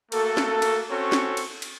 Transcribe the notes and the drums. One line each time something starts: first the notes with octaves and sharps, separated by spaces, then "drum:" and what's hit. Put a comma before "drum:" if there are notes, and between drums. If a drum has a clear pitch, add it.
A3 A#3 F#4 A4, drum: cymbal
drum: snare
drum: cymbal
C4 C#4 F#4 A4 C#5 C#6
drum: snare
drum: cymbal
drum: cymbal